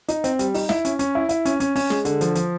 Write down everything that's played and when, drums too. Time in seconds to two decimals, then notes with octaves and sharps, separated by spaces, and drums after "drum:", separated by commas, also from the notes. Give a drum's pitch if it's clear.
0.08 D#4, drum: hi-hat
0.24 C4, drum: hi-hat
0.39 G3, drum: hi-hat
0.54 D#4, drum: open hi-hat
0.69 E4, drum: snare
0.85 C#4, drum: hi-hat
0.99 C#4, drum: hi-hat
1.15 E4
1.29 E4, drum: hi-hat
1.45 C#4, drum: hi-hat
1.60 C#4, drum: hi-hat
1.76 C#4, drum: open hi-hat
1.90 G#3, drum: snare
2.05 D3, drum: hi-hat
2.21 F3, drum: hi-hat
2.35 F3, drum: hi-hat